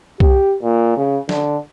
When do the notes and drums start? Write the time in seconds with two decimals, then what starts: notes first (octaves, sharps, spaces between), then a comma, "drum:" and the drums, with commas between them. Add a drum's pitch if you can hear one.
0.20 G4, drum: kick C2
0.63 A#2
0.97 C#3
1.29 D3, drum: snare